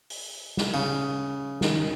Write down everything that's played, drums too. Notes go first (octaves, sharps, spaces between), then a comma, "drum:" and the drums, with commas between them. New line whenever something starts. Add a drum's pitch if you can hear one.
drum: open hi-hat
drum: snare
C#3
D#3, drum: snare